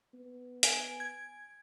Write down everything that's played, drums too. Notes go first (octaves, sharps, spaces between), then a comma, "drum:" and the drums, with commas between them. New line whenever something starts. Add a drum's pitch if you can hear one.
B3
G#5 D7, drum: hi-hat
G#6